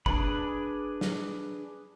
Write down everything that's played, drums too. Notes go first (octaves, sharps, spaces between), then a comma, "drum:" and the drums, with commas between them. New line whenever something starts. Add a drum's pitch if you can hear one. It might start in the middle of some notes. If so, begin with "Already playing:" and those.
D4 G#4 B4 B5, drum: kick
drum: snare